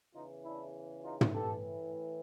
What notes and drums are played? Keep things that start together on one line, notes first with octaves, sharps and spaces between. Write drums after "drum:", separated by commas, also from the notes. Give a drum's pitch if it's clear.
E2 C#3 E3 D#4 F4
D4 E4
D#4 F4
drum: tom
A2 E3 G4 A4